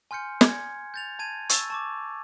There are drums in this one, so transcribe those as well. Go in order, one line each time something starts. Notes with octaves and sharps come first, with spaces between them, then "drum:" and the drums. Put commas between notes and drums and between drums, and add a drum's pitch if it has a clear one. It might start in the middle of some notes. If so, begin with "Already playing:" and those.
G#5 C6 F6 G6 C#7
G#5 G#6, drum: snare
G6 A6 F7
A5 G#6 D#7
C#6 E6 A6, drum: hi-hat
A5 C#6 D6